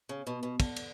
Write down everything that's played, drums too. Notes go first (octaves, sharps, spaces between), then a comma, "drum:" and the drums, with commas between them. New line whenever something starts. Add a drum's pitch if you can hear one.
C#3
B2
B2
D3, drum: kick, cymbal
drum: cymbal